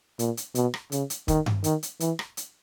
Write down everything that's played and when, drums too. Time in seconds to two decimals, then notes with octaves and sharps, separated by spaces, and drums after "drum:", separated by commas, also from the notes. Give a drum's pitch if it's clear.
0.19 A#2, drum: hi-hat
0.37 drum: hi-hat
0.55 B2, drum: hi-hat
0.74 drum: rim click
0.92 C#3, drum: hi-hat
1.10 drum: hi-hat
1.28 D#3, drum: kick, hi-hat
1.46 drum: tom G2
1.64 D#3, drum: hi-hat
1.83 drum: hi-hat
2.00 E3, drum: hi-hat
2.19 drum: rim click
2.37 drum: hi-hat